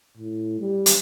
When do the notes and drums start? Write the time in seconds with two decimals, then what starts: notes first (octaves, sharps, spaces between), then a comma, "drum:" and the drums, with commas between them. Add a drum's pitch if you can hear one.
0.18 A2
0.60 G3
0.86 drum: hi-hat